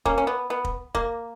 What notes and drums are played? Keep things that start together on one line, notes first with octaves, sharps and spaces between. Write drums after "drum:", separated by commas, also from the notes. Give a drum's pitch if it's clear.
A#3 C#4, drum: kick
C#4
B3
B3
drum: kick
A#3, drum: kick